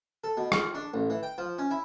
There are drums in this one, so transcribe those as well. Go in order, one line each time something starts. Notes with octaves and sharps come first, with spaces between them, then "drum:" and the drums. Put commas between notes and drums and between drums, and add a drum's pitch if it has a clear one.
A4
B2
F4, drum: rim click
D4
A1
E3
G5
F3
C#4
E4